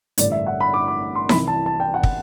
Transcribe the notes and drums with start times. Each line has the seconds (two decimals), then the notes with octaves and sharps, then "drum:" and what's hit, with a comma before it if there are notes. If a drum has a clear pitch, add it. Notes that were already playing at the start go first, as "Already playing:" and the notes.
0.18 A1 G2 D3 D5, drum: hi-hat
0.32 E5
0.47 F#5
0.60 B5
0.74 D6
0.88 D6
1.15 C6
1.29 C2 C3 E3 B5, drum: snare D#4
1.48 A5
1.66 A5
1.80 G5
1.94 F#5
2.03 drum: kick